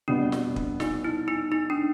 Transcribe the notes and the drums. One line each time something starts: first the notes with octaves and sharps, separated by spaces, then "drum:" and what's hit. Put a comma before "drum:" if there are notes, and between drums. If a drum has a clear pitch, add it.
F1 E2 B2 G3 B3 D4
drum: snare
drum: kick
D#4, drum: snare
E4
D#4
D#4
D4